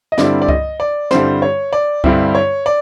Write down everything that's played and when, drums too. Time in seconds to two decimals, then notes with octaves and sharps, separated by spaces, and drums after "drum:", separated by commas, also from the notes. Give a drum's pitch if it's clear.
0.12 D#5
0.18 G2 D3 G3 C4 E4 D5, drum: snare
0.42 D5
0.49 D#5, drum: kick C#2
0.80 D5
1.11 G2 D3 G3 C4 E4 C5, drum: snare
1.42 C#5
1.73 D5
2.04 G2 D3 G3 C4 E4, drum: kick C#2
2.35 C#5
2.66 D5